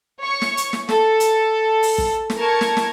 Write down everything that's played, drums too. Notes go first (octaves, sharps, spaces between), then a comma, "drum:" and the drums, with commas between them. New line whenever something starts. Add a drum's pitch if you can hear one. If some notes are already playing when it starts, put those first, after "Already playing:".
C#5 C#6
drum: snare
drum: hi-hat
drum: snare
A4, drum: snare
drum: hi-hat
drum: open hi-hat
drum: kick
drum: snare
A#4 A5 C#6 G#6
drum: snare
drum: snare